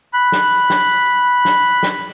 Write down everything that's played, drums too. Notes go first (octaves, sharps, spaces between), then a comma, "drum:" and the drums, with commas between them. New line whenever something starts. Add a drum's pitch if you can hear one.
B5 F#6
drum: snare
drum: snare
drum: snare
drum: snare